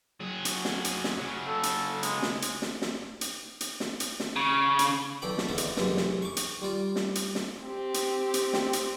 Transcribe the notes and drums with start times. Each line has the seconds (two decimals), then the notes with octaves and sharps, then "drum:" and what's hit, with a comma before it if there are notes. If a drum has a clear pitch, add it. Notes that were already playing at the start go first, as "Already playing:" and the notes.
0.20 F#3 G#4
0.45 drum: hi-hat
0.65 drum: snare
0.85 drum: hi-hat
1.04 drum: snare
1.18 C#3 F#3
1.48 A4
1.63 drum: hi-hat
2.03 G#3, drum: hi-hat
2.23 drum: snare
2.42 drum: hi-hat
2.62 drum: snare
2.82 drum: snare
3.21 drum: hi-hat
3.61 drum: hi-hat
3.80 drum: snare
4.00 drum: hi-hat
4.20 drum: snare
4.36 C#3
4.79 drum: hi-hat
5.22 B1 E3 A4 D5 G5 B5
5.38 drum: snare
5.49 E2 D3 D#4 A4 E5 F5
5.58 drum: hi-hat
5.77 F#2 C3 E3 F#3 G#3, drum: snare
5.97 drum: snare
6.22 C#6 D6
6.37 drum: hi-hat
6.62 G3 F4 D5
6.96 drum: snare
7.15 drum: hi-hat
7.35 drum: snare
7.63 C4 G4
7.94 drum: hi-hat
8.34 drum: hi-hat
8.53 drum: snare
8.73 drum: hi-hat